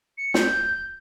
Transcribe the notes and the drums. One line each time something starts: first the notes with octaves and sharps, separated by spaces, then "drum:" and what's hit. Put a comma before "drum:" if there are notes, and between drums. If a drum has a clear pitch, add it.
C#7
G6, drum: snare